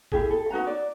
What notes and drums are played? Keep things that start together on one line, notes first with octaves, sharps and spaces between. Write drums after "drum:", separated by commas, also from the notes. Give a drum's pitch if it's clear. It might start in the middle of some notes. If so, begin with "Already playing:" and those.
E4 G4 G#4, drum: kick
A4
D#4 F#4 B4 A#5
D5